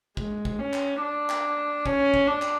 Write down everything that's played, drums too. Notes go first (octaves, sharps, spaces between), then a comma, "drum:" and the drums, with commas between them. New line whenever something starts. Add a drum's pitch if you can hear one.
G#3, drum: kick
drum: kick
C#4
drum: clap
D4
drum: clap
C#4, drum: kick
drum: kick
D4
drum: clap